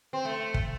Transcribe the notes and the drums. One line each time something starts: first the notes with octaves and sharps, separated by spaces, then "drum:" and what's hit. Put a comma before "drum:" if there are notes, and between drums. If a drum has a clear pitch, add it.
C4
A3
drum: kick